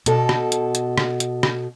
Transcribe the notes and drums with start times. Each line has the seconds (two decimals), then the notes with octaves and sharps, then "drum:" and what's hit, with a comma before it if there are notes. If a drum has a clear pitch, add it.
0.06 B2 A4, drum: hi-hat
0.29 drum: rim click
0.52 drum: hi-hat
0.75 drum: hi-hat
0.98 drum: rim click
1.20 drum: hi-hat
1.43 drum: rim click